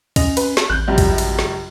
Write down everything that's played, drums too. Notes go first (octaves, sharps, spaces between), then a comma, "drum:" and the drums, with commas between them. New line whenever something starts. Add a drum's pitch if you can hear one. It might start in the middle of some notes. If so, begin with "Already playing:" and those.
C#4 D#5 F7, drum: kick, cymbal
B4, drum: cymbal
drum: snare
A1 F#6 G6
C#2 F#2 G3
drum: kick, cymbal
drum: cymbal
drum: snare